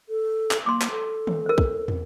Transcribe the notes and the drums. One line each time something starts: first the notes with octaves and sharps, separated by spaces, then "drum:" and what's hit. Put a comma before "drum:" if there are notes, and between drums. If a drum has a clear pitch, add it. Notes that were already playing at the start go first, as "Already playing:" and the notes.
A4
drum: clap
A#3 C6 D6
drum: clap
A4
drum: tom D#3
A#4 C5
drum: kick
drum: tom